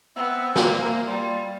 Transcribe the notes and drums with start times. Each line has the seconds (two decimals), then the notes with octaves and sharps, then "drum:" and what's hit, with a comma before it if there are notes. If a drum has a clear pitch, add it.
0.16 B3 C4 E5 E6
0.56 A#3, drum: snare
1.07 G3 F4